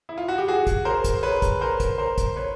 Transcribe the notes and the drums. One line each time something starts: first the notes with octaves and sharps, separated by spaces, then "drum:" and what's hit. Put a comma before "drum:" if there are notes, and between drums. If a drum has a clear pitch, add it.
E4
F4
F#4
G4
F#4 G#4
drum: kick, hi-hat
A#4 C5
drum: kick, hi-hat
B4 C#5
drum: kick, hi-hat
A#4 C5
drum: kick, hi-hat
A#4 C5
drum: kick, hi-hat
B4 C#5